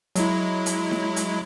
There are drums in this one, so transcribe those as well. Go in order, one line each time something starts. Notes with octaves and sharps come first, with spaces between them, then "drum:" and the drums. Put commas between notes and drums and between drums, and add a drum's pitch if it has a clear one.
F#3 G#3 E4, drum: hi-hat
drum: hi-hat
drum: snare D#4
drum: hi-hat